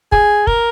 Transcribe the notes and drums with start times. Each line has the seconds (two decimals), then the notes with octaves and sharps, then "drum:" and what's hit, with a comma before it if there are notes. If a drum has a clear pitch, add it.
0.12 G#4, drum: kick
0.47 A#4, drum: kick